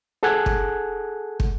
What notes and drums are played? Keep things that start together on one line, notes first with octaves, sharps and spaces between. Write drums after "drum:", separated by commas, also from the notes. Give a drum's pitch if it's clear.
G#4 A4 F#5 G#5 F#6 G#6
drum: kick
drum: kick